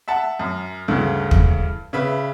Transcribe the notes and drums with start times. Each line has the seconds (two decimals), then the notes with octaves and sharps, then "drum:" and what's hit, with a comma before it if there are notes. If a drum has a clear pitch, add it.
0.08 E5 F#5 A5
0.39 F#2
0.88 D2 G2 C#3 E3
1.31 drum: kick
1.93 C#3 B4 E5